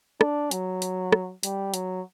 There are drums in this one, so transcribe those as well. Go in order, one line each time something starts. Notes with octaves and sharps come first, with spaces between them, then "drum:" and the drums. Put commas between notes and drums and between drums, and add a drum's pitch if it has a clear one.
D4, drum: rim click
F#3, drum: hi-hat
drum: hi-hat
drum: rim click
G3, drum: hi-hat
F#3, drum: hi-hat